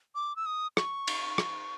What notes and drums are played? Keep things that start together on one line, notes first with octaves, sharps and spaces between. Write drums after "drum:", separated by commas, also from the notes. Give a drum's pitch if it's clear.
D6
E6
D#6
C#6, drum: rim click
drum: cymbal
drum: rim click